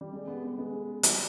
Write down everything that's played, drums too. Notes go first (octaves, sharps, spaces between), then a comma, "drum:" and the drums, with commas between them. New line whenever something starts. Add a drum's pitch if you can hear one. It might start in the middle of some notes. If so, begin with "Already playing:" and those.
G3
G#3
B3
B3
G#3
G3, drum: hi-hat